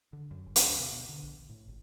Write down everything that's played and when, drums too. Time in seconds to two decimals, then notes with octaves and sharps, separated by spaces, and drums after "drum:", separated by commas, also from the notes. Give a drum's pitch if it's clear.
0.13 D3
0.31 F#2
0.46 G1
0.56 drum: hi-hat
0.66 D2
0.79 B2
0.92 B2
1.09 D3
1.23 A#1
1.49 A2
1.68 G#1